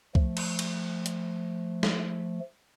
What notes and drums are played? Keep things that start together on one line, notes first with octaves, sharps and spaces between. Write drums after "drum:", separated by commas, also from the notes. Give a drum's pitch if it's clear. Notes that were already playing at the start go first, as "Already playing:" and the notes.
F3 A3, drum: kick C2
drum: cymbal
drum: cymbal
drum: hi-hat
drum: snare